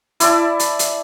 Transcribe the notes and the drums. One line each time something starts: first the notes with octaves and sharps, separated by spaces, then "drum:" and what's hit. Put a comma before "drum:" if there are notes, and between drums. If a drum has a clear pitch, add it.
E4 D5 A5, drum: hi-hat
drum: hi-hat
drum: hi-hat